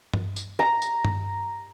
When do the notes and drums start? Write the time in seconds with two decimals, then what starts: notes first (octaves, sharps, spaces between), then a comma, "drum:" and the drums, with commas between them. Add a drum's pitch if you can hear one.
0.14 drum: tom G2
0.36 drum: tambourine
0.59 A#5
0.82 drum: tambourine
1.05 drum: tom G2